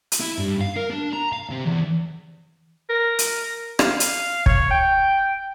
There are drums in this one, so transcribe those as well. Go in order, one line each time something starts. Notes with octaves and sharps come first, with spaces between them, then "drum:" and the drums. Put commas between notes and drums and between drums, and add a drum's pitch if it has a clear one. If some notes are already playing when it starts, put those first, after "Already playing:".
drum: hi-hat
E4
G2
F5
A#4
D4
A#5
F5
C3
E2
A#4
drum: hi-hat
F5, drum: rim click
drum: hi-hat
C#5, drum: kick
G5